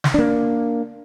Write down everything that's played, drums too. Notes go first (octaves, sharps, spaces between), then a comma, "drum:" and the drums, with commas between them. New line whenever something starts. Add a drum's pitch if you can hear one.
drum: snare
A#3 D4